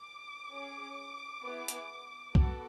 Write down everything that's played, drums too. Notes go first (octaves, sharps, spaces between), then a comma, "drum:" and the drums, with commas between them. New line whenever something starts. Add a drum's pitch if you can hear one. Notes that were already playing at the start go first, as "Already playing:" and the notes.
Already playing: D6
C#4 G#4
B3 E4 G#4
drum: hi-hat
B3 F#4 A4, drum: kick B1